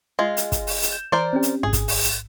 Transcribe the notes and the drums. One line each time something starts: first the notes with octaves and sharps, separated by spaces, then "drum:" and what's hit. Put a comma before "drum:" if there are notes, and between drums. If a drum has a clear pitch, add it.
G#3 F4 D#5
drum: hi-hat
drum: kick, hi-hat
drum: open hi-hat
drum: hi-hat
G6 E7
E3 A#4 C5 D5
C4 C#4 G4
drum: hi-hat
A1 G#2 G#4
drum: kick, hi-hat
drum: open hi-hat
drum: hi-hat